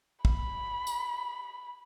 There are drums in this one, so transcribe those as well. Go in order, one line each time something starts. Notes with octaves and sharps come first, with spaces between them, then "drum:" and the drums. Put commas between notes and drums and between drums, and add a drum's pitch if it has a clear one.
B5, drum: kick
drum: tambourine